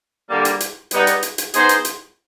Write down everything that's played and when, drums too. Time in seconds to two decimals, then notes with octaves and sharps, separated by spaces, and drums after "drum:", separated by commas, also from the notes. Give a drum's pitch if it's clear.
0.29 D3 G3 A#3
0.45 drum: hi-hat
0.60 drum: hi-hat
0.91 G3 B3 D#4, drum: hi-hat
1.07 drum: hi-hat
1.23 drum: hi-hat
1.38 drum: hi-hat
1.54 B3 D#4 G#4 C5, drum: hi-hat
1.69 drum: hi-hat
1.85 drum: hi-hat